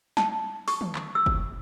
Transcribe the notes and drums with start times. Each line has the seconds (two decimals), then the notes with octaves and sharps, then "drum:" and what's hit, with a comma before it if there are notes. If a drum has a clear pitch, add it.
0.17 A5, drum: snare
0.68 C#6, drum: open hi-hat
0.81 drum: tom
0.95 drum: clap
1.15 E6
1.26 drum: kick